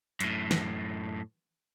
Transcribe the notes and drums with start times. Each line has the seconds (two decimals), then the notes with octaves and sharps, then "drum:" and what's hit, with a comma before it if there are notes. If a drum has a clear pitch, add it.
0.20 F#2 A2, drum: hi-hat
0.51 drum: snare